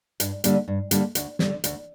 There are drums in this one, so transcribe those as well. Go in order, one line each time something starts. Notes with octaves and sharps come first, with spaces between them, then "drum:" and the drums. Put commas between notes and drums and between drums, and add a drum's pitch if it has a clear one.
G2, drum: hi-hat
D3 G3 A#3 D4, drum: hi-hat
G2
D3 G3 A#3 D4, drum: hi-hat
D2, drum: hi-hat
D3 G3, drum: snare
D2, drum: hi-hat